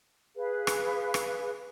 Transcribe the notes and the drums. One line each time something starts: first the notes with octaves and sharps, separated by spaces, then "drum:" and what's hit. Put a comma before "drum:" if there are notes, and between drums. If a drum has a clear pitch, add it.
G#4 B4 F5
drum: rim click
drum: rim click